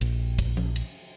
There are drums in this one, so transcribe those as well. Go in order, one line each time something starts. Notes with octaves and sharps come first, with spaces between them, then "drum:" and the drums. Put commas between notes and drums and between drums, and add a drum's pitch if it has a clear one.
A#1, drum: cymbal
drum: kick, cymbal
drum: tom F3
drum: cymbal